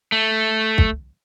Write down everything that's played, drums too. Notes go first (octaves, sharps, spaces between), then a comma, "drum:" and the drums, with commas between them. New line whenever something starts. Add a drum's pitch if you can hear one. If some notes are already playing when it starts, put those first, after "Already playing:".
A3
drum: kick